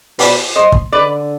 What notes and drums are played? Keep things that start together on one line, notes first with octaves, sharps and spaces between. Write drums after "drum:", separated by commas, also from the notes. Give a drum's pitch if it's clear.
B2 B4 D5, drum: open hi-hat
C5 D#5
drum: kick
D3 B4 D5